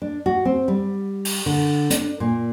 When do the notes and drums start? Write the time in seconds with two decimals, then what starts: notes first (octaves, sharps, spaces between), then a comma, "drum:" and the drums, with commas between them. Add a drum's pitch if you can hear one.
0.02 D4
0.26 F#4
0.45 C4
0.68 G3
1.25 drum: open hi-hat
1.46 D3
1.90 D4, drum: hi-hat
2.20 A#2